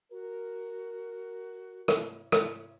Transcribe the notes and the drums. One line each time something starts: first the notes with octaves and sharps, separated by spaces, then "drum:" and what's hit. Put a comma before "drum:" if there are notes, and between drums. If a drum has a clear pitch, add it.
F#4 A#4
drum: rim click
drum: rim click